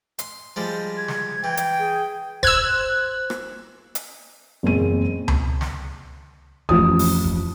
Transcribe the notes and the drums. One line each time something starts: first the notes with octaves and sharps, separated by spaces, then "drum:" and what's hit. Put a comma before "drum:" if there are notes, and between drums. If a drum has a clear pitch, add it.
C6, drum: hi-hat
F3 G3 G#3
G#6
drum: snare
E3 G5
drum: hi-hat
G#4
C5 E6 F#6 G#6, drum: kick E1
drum: rim click
drum: hi-hat
F#1 E2 A#2 G#3 C4 D#7
drum: tom C#2
drum: snare
A1 F2 D#6, drum: kick E1
drum: open hi-hat
drum: kick E1